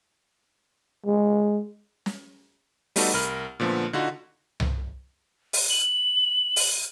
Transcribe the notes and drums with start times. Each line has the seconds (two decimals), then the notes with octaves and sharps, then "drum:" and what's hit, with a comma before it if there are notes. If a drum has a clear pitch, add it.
1.06 G#3
2.06 drum: snare
2.96 G3 A3 B3 D#4 F#4 A4, drum: open hi-hat
3.14 C2 A#4 B5 F6
3.60 A#2 D3 F3 A3 B3
3.93 D3 D#4 F4 F#4
4.60 drum: tom C2
5.53 drum: open hi-hat
5.70 F#7
6.56 drum: open hi-hat